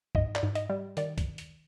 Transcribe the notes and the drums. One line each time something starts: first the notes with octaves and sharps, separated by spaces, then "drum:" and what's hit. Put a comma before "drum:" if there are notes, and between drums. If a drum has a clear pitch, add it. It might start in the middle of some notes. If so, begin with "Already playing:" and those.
G#2 D#5, drum: kick B1
D5, drum: clap
G#2
D#5, drum: hi-hat
G3
D#3 D5, drum: hi-hat
drum: kick B1, hi-hat
drum: hi-hat